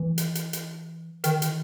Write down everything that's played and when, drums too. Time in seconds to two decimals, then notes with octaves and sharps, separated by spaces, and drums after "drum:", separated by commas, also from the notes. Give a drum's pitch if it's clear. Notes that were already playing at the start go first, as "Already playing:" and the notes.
Already playing: E3
0.18 drum: hi-hat
0.35 drum: hi-hat
0.53 drum: hi-hat
1.24 D#3, drum: hi-hat
1.42 drum: hi-hat